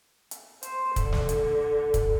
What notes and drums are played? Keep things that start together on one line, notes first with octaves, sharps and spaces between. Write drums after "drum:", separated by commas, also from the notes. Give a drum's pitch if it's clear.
drum: hi-hat
C5, drum: hi-hat
D3, drum: kick, hi-hat
drum: snare
drum: hi-hat
drum: kick, hi-hat